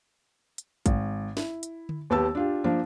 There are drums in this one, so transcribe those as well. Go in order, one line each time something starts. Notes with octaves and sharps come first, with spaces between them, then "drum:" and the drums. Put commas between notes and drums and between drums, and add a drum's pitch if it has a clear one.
drum: hi-hat
G#1, drum: kick A1, hi-hat
E4, drum: snare
drum: hi-hat
drum: tom D3
D#2 B3 G4 A5 E6
D4 F4 G4
F3 A#3 D4